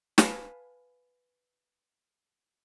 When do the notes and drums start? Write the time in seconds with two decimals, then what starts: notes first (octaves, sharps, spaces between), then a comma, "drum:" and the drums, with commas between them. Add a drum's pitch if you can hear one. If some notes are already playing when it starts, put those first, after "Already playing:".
0.18 B4 F5 G#5 A5 B5, drum: snare